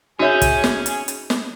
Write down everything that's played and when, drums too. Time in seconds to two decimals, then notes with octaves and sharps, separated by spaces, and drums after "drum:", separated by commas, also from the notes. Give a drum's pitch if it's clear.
0.19 C#4 D#4 F#4 G#4 C#5 E5 G#5 G6
0.42 drum: kick, hi-hat
0.64 drum: snare
0.86 drum: hi-hat
1.08 drum: hi-hat
1.30 drum: snare